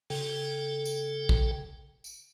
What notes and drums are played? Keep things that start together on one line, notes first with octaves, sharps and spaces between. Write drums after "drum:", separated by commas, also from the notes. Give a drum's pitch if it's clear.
C#3 A4 G5, drum: open hi-hat
drum: tambourine
drum: kick
drum: tambourine